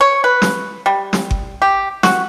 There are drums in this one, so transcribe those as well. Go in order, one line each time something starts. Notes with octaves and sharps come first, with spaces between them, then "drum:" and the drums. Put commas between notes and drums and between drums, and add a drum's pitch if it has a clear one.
C#5
B4
drum: snare
G3
drum: snare
drum: kick G1
G4
F#4, drum: snare